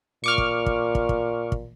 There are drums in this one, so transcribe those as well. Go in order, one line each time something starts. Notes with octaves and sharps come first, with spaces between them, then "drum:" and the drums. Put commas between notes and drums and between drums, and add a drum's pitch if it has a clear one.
A#2 C#6 D6 F6
drum: kick
drum: kick
drum: kick
drum: kick
drum: kick